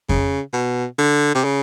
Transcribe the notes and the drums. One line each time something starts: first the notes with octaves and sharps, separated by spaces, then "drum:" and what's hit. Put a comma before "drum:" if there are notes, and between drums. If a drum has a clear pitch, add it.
C#3, drum: kick F2
B2
D3
C3
C#3